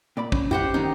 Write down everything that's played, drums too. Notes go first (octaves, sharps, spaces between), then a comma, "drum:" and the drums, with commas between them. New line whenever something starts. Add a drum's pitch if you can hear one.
A#2 D5 B5
C#4, drum: kick
E4 G4 C5 F#5, drum: tom F#2
D#3 B3 C#4 D#4